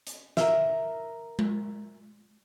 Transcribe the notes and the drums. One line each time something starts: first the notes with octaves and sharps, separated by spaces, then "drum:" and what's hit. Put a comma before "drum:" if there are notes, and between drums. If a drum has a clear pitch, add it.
drum: hi-hat
A#4 E5, drum: snare
drum: tom G#3